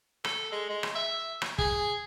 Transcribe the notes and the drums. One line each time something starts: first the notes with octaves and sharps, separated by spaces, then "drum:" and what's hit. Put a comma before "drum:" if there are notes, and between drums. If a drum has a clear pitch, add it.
A4, drum: rim click
G#3
G#3
drum: rim click
E5
drum: rim click
G#4, drum: kick